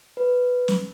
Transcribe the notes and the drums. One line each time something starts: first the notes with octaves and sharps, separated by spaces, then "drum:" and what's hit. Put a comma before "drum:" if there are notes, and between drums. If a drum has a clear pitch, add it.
B4
drum: snare